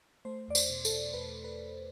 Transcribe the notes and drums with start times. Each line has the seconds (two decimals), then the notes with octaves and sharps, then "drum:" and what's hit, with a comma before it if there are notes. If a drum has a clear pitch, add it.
0.25 A3 C5
0.48 E2 D5
0.55 C5, drum: tambourine
0.70 B2
0.85 A4, drum: tambourine
0.91 E2
1.14 E2 B4
1.44 B4